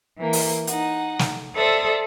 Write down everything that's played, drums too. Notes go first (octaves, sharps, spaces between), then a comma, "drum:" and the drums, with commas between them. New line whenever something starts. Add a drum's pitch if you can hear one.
E3 A#3
drum: open hi-hat
D#4 F#5, drum: hi-hat
drum: snare
A4 C5 D5 E5 D#6